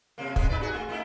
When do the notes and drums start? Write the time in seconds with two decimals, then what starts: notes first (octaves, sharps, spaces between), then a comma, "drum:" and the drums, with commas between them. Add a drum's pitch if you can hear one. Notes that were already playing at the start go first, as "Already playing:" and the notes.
0.18 F#2 C3 A#3
0.36 G#3 B3, drum: kick
0.49 D#4 B4 D5
0.61 F#4 G#4
0.74 A3
0.89 A3 D#4 E4